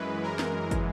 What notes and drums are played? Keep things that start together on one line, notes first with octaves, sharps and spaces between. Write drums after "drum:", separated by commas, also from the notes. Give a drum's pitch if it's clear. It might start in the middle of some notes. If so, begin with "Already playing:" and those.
Already playing: F#2 E3 G#3 B4
A#4
drum: snare
drum: kick, hi-hat